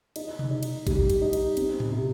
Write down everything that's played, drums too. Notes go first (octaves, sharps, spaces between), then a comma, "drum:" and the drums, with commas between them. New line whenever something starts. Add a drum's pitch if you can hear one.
D#4, drum: cymbal
drum: tom B2
D#4
drum: cymbal
G3, drum: kick, cymbal
drum: cymbal
D#4
drum: cymbal
C4, drum: cymbal
drum: tom A2
C3